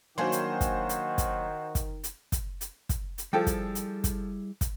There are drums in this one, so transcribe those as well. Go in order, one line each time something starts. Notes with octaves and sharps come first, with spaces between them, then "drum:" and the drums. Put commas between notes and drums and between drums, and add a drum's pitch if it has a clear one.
D#3 F#3 A#3 D4 F#4 C5 G#5 C6
drum: hi-hat
drum: kick, hi-hat
drum: hi-hat
drum: kick, hi-hat
drum: kick, hi-hat
drum: hi-hat
drum: kick, hi-hat
drum: hi-hat
drum: kick, hi-hat
drum: hi-hat
F3 G3 E4 G#4 A4 G5
drum: kick, hi-hat
drum: hi-hat
drum: kick, hi-hat
drum: kick, hi-hat